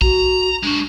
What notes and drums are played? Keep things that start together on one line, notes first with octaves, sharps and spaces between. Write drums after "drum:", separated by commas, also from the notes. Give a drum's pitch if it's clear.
F#4 A#5, drum: kick
G#3 D4 F#4